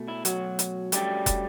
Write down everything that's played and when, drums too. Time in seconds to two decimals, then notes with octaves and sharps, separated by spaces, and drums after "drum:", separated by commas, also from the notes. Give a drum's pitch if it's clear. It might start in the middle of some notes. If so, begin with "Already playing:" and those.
Already playing: B2 A3
0.08 E4
0.25 F#3 F#4, drum: hi-hat
0.59 drum: hi-hat
0.92 F#2 F#3 G3 A3 D4 G4, drum: hi-hat
1.26 drum: kick, hi-hat